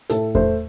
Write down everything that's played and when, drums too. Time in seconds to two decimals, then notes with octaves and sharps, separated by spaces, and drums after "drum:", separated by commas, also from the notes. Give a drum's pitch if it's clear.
0.10 A2 A4, drum: hi-hat
0.35 A3 C5, drum: kick E2